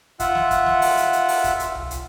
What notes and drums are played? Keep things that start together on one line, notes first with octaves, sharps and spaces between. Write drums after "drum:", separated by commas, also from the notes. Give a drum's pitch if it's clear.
F4 E5 F#5, drum: kick, hi-hat
drum: snare
drum: kick, hi-hat
drum: snare
drum: open hi-hat
drum: hi-hat
drum: hi-hat
drum: open hi-hat
drum: kick, hi-hat
drum: hi-hat
drum: tom C2
drum: hi-hat